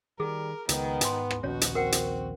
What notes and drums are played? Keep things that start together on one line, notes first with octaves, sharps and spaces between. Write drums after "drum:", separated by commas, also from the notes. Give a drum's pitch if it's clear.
D#3 G3 G#4 A#4
C#2 D#3 B3, drum: hi-hat
G#2 G#5 C6, drum: hi-hat
drum: rim click
A#1 D#2 B2 C#4 F#4 C#5
drum: hi-hat
C4 A#4 F#5 G5
drum: hi-hat